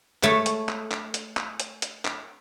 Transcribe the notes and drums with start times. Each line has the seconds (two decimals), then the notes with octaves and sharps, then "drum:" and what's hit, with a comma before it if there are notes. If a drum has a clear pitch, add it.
0.23 A3 C#5 A5, drum: clap
0.46 drum: hi-hat
0.69 drum: clap
0.91 drum: clap
1.14 drum: hi-hat
1.37 drum: clap
1.60 drum: hi-hat
1.82 drum: hi-hat
2.05 drum: clap